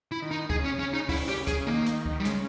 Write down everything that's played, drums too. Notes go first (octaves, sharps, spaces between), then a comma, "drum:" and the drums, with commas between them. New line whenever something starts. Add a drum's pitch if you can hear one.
E4
D#3
D#4
D#3 G#4, drum: kick C#2
C#3
C#4
C#3
C#4
D#4
E4, drum: kick C#2, open hi-hat
G4, drum: rim click
G#4, drum: kick C#2, hi-hat
D#3 A#3
drum: hi-hat
drum: kick C#2
G3
C#3 G#3, drum: hi-hat